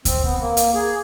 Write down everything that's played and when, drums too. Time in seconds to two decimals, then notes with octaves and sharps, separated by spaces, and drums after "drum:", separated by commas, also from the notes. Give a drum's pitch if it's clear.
0.05 C4, drum: kick D2, hi-hat
0.24 B3
0.40 A#3
0.57 drum: hi-hat
0.75 G#4